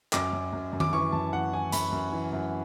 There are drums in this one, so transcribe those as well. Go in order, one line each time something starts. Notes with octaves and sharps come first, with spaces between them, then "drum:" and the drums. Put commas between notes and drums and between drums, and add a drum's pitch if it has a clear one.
F#2 D6, drum: clap
F#2
F#2
F#2
D6, drum: tom D#3
E3 C#6
F#2 A5
E3 F#5
E3 G#5
F#2 B5, drum: hi-hat
F#2
E3
F#2